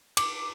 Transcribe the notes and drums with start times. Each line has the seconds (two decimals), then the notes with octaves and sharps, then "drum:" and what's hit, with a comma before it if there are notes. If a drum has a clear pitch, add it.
0.17 D6, drum: cymbal